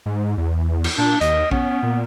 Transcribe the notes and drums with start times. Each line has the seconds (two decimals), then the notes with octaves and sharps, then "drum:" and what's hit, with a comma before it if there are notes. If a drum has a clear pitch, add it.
0.06 G#2
0.38 E2
0.84 drum: cymbal
0.98 A#2 D4
1.21 D#2 D#5, drum: hi-hat
1.51 B3 C#4, drum: kick A#1
1.83 A#2